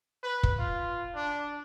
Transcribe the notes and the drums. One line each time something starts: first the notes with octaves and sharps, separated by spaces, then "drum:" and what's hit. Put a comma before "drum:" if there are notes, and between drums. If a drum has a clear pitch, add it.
B4
drum: kick
F4
D4